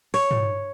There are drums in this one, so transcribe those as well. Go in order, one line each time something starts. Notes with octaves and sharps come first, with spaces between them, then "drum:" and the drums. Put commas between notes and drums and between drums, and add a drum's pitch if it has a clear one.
C#5, drum: open hi-hat
drum: tom